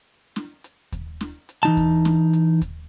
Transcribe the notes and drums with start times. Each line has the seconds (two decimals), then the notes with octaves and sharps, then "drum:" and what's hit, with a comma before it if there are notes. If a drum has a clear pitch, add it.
0.36 drum: snare
0.64 drum: hi-hat
0.92 drum: kick D#2, hi-hat
1.21 drum: snare
1.49 drum: hi-hat
1.63 E3 D#4 A5
1.77 drum: kick D#2, hi-hat
2.05 drum: snare
2.33 drum: hi-hat
2.62 drum: kick D#2, hi-hat